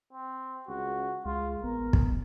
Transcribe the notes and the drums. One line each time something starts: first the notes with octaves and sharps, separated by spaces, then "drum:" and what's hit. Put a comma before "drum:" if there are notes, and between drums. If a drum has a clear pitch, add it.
C4
C#2 F#4
C#2 G#3 F4
A1 B3 A#4
drum: kick